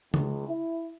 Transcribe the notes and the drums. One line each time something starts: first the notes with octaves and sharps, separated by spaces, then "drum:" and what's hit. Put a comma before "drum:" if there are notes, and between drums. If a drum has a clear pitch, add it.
C#2, drum: tom C#3
E4